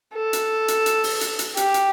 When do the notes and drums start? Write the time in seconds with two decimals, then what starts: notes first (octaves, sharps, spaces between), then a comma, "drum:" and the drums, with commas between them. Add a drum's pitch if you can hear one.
0.15 A4
0.33 drum: hi-hat
0.68 drum: hi-hat
0.86 drum: hi-hat
1.04 drum: open hi-hat
1.21 drum: hi-hat
1.39 drum: hi-hat
1.57 G4, drum: hi-hat
1.74 drum: hi-hat